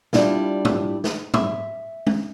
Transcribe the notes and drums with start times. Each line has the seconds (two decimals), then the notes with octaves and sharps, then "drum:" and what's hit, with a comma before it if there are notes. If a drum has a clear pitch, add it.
0.13 G3 D4 E4 F4, drum: snare
0.65 drum: tom
1.04 drum: snare
1.34 E5, drum: tom
2.07 drum: tom